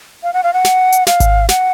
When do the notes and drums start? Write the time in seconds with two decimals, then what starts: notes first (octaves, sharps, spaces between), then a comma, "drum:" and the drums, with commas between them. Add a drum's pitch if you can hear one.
0.23 F5
0.33 F#5
0.44 F5
0.54 F#5
0.65 drum: snare
0.92 drum: hi-hat
1.07 F5, drum: snare
1.20 drum: kick G#1, hi-hat
1.49 F#5, drum: snare